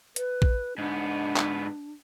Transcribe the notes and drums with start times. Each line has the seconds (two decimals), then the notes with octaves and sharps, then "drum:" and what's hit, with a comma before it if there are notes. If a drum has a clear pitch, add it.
0.16 B4, drum: hi-hat
0.42 drum: kick
0.78 G#2 B3 D4
1.36 drum: clap